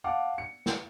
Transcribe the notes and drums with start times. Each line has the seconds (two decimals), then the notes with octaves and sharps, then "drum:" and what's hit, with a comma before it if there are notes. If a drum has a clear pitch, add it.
0.04 F5 F#5 A5 D6
0.38 C#7
0.66 drum: snare